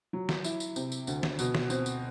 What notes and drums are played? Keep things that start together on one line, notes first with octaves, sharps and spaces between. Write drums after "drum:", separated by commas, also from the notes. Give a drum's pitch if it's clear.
F#3
drum: snare
E4, drum: tambourine
drum: tambourine
C3, drum: tambourine
drum: tambourine
D2, drum: tambourine
drum: snare
B2, drum: tambourine
drum: snare
C4, drum: tambourine
drum: tambourine